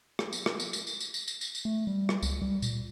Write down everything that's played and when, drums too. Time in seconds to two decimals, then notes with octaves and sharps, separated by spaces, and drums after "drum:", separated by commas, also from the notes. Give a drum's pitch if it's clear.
0.19 drum: rim click
0.33 drum: tambourine
0.46 drum: rim click
0.60 drum: tambourine
0.73 drum: tambourine
0.87 drum: tambourine
1.00 drum: tambourine
1.14 drum: tambourine
1.28 drum: tambourine
1.41 drum: tambourine
1.55 drum: tambourine
1.65 A3
1.87 G3
2.09 drum: rim click
2.23 C#2, drum: tambourine
2.42 G3
2.62 A#2, drum: tambourine